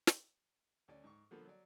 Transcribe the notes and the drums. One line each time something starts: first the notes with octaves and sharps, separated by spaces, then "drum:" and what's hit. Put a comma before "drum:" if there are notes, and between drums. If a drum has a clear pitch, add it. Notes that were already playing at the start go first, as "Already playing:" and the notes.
drum: snare
D2 C#4 D5
G#2 C#6
D3 F3 A#3 B3 A4
F#3 D5